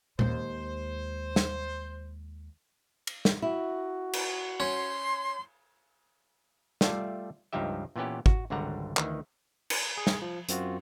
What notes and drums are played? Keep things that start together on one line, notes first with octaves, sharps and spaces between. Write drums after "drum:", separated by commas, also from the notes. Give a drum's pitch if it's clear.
D#2 G#3 C5, drum: tom A#2
drum: snare
drum: cymbal
drum: snare
E4 F#4
drum: cymbal
C#4 C6
G3 A3 F4 D5 E5 A5, drum: snare
C#2 G2 F3 D#4 G4 E5
A#2 E3 B3 C#4 G4
F#4, drum: kick
G#1 C#2 D3 G3 F#5 A#5
D2 D#3 E3, drum: clap
drum: cymbal
G#4
drum: snare
F3
F#2 C4 F4 F#4, drum: hi-hat